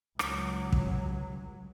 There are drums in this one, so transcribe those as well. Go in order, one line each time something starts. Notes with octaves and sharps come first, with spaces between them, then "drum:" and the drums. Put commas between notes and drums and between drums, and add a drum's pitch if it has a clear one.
C#2 F#3, drum: rim click
drum: kick